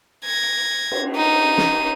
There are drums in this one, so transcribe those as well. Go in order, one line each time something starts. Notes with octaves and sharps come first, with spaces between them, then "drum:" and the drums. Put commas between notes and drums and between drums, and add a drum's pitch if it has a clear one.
G#6 A#6
drum: cymbal
D#4 D#7
drum: snare